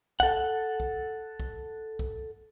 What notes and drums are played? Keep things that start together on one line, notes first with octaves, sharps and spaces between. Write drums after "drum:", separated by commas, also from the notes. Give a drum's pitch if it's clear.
A4 F#5, drum: kick B1
drum: kick B1
drum: kick B1
drum: kick B1